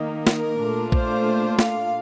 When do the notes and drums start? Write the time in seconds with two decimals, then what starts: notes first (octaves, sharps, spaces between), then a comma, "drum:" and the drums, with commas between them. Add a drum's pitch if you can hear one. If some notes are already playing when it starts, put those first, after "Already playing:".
Already playing: D#3 A#3 D#4
0.27 A#4, drum: snare
0.60 A#2 A3 D4 F4
0.92 C5, drum: kick A#1
1.59 F5, drum: snare